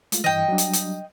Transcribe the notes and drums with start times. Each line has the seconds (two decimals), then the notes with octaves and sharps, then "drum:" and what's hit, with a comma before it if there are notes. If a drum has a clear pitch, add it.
0.12 G#3 A3 F4, drum: hi-hat
0.24 G2 E3 D#5 G5
0.49 F#3 G3 D4
0.58 drum: hi-hat
0.73 drum: hi-hat